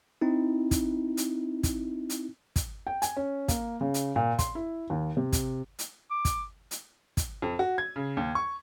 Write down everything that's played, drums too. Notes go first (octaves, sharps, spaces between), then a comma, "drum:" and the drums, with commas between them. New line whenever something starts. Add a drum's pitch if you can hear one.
C4 D#4 E4
drum: kick, hi-hat
drum: hi-hat
drum: kick, hi-hat
drum: hi-hat
drum: kick, hi-hat
G5
G#5, drum: hi-hat
C#4
A#3, drum: kick, hi-hat
C#3
drum: hi-hat
A#2
C6, drum: kick, hi-hat
E4
D#2
C3
drum: kick, hi-hat
drum: hi-hat
D6
drum: kick, hi-hat
drum: hi-hat
drum: kick, hi-hat
F2
F#4
G#6
C#3
D#2
C#6